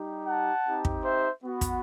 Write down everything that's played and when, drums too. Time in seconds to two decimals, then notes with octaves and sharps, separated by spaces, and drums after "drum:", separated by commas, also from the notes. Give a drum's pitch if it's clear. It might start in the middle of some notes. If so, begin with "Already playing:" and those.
Already playing: G3 D#4 G4
0.27 F#5 A5
0.66 C4 D#4 G4
0.85 drum: kick
1.04 C5 E5
1.42 B3 F#4
1.61 drum: kick, hi-hat